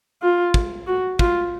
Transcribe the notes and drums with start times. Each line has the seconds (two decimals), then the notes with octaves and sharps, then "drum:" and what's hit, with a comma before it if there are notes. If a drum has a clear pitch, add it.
0.22 F4
0.54 drum: kick
0.87 F#4
1.19 F4, drum: kick